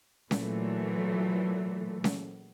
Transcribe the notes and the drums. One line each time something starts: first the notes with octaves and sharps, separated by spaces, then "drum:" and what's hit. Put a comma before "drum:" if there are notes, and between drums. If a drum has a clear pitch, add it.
A#2 E3 F#3 A3, drum: snare C#4
drum: snare C#4